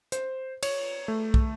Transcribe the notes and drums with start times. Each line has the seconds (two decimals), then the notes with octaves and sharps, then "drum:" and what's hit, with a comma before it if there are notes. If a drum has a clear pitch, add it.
0.12 C5, drum: hi-hat
0.63 C#5, drum: cymbal
1.08 A3
1.34 drum: kick